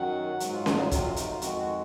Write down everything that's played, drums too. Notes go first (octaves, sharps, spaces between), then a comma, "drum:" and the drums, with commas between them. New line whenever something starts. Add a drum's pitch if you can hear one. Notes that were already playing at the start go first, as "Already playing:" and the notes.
Already playing: F#2 D#3 F#3 F#5
G#2 F#3, drum: hi-hat
F4
D#4, drum: snare C#4
F4
F2 C3 F#3 F4, drum: kick, hi-hat
F4
D#4, drum: hi-hat
F4
F2 D#3 G#3 F#4, drum: hi-hat
F#4